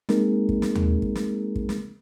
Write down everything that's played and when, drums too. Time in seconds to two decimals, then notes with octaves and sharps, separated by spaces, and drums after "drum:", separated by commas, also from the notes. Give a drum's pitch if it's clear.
0.09 G#3 A#3 C4 D#4 G#4 A#4, drum: snare
0.49 drum: kick
0.62 drum: snare
0.75 drum: tom D#2
1.02 drum: kick
1.15 drum: snare
1.56 drum: kick
1.69 drum: snare